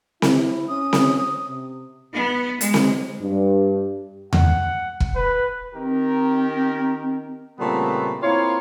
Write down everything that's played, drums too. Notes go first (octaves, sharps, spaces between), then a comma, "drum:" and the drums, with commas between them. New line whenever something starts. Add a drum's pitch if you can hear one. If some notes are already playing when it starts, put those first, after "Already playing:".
E4, drum: snare C4
C#4 D#6
drum: snare C4
C3
B3
G#3, drum: hi-hat
drum: snare C4
G2
F#5, drum: tom E2
drum: kick
B4
D#3 C4 G4 A#4
A#2 C#3 G3 A3 B3 C4
A#3 C4 E4 F4 C#5